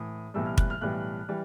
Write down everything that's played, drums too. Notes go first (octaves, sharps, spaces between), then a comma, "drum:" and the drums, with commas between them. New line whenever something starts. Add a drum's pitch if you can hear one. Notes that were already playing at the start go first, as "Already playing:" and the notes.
Already playing: A2 E3 D#6
B1 A2 E3 G3 E6
F6
F#6, drum: kick
F6
B1 A2 E3 G3 F#6
E3 G3